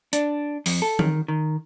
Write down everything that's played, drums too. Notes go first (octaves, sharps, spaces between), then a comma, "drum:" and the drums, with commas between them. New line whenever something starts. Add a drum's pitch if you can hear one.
D4, drum: hi-hat
F2, drum: open hi-hat
A4
D#3, drum: tom E3
D#3